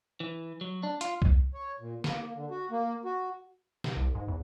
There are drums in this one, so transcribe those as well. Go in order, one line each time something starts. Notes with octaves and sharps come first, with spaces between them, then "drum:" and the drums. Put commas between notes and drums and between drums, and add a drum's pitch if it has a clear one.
E3
F#3
D4
F4, drum: hi-hat
drum: kick C2
C#5
A#2
A#3, drum: snare
D3
F#4
A#3
F#4
C3, drum: snare
C2
G#2
E2